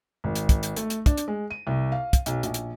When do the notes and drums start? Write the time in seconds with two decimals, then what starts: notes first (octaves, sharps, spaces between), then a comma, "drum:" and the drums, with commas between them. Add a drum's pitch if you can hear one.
0.24 G#1
0.35 drum: hi-hat
0.49 drum: kick, hi-hat
0.63 drum: hi-hat
0.76 A3, drum: hi-hat
0.90 drum: hi-hat
1.06 D4, drum: kick, hi-hat
1.17 drum: hi-hat
1.28 G#3
1.51 D#7
1.67 C2
1.92 F5
2.13 drum: kick, hi-hat
2.26 B1, drum: hi-hat
2.43 A#1, drum: hi-hat
2.54 drum: hi-hat